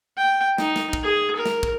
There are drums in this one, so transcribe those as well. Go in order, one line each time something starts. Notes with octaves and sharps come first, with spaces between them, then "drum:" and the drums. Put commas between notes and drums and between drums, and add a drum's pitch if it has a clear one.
G5
D#4, drum: snare
drum: snare
drum: kick
G#4
A#4
drum: snare
drum: kick